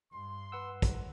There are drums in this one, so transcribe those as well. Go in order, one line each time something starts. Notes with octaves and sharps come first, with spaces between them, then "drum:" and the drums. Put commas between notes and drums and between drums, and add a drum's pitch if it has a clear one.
G2 C6
B4 F#5 E6
drum: kick, hi-hat